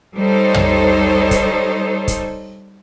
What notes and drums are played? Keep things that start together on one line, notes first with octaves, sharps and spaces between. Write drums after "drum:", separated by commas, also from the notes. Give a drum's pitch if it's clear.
G3 D#4 A4 C5 C#5
drum: tom
drum: kick, hi-hat
drum: kick, hi-hat